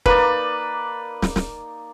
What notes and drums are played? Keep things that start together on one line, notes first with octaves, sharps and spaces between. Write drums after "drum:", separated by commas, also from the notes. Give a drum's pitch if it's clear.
A#3 D#4 B4 D5, drum: kick
drum: snare
drum: snare